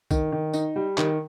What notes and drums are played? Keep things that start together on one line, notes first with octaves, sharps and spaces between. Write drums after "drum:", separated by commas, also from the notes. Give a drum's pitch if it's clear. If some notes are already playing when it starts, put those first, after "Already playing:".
D#3, drum: kick B1, tambourine
D#3
D#4, drum: tambourine
G3
D#3, drum: clap